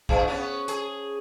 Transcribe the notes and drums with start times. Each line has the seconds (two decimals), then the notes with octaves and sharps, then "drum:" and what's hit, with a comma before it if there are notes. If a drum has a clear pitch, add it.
0.09 G2 E3 G#4, drum: kick
0.28 B3 C#4
0.68 G#4, drum: hi-hat